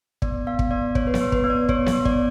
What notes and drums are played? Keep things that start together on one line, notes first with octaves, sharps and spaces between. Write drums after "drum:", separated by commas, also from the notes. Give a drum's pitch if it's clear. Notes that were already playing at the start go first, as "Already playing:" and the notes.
B3 D5, drum: kick
B3 F5
drum: kick
B3 D5
B3 C#5, drum: kick
B4
C#5, drum: snare B3
B3
B4, drum: kick
B3
D5
B3 C#5, drum: kick
C#5, drum: snare B3
B3
D5, drum: kick